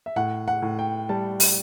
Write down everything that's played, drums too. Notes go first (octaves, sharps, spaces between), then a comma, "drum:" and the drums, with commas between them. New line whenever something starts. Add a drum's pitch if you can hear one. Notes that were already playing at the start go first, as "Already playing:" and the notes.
E5
A2 F#5
F#5
A2
G5
G3 A5
drum: open hi-hat